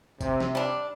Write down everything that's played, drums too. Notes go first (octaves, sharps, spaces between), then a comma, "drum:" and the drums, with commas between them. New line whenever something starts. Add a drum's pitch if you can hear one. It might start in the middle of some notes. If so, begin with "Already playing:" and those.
C3, drum: kick, tambourine
drum: snare
G3 D4